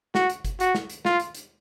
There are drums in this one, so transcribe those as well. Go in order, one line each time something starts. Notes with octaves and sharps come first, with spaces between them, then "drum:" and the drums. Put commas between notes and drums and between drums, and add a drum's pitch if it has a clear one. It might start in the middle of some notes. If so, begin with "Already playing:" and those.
F#4, drum: snare
drum: hi-hat
drum: kick G1, hi-hat
F#4, drum: hi-hat
drum: snare
drum: hi-hat
F4, drum: snare
drum: hi-hat
drum: hi-hat